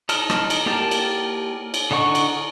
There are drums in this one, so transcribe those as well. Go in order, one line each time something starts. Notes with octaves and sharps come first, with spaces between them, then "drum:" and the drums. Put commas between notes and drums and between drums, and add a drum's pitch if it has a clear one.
D#4 A5 F6, drum: cymbal
drum: rim click
drum: cymbal
A#3 G4 A#4 G5 A5
drum: cymbal
drum: cymbal
D3 D#4 F#5 C#6
drum: cymbal